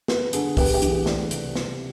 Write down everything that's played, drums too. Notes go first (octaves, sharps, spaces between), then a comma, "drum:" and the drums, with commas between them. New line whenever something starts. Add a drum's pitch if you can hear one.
B3, drum: snare
D3 G#4, drum: hi-hat
B3 G4, drum: kick C2, open hi-hat
G4
E3, drum: hi-hat
G#4
A3 D5, drum: snare
C3, drum: hi-hat
C2, drum: snare